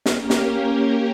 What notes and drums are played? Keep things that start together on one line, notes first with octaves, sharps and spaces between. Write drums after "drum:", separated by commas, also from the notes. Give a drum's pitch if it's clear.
drum: snare
A#3 C#4 G4 A#4
drum: snare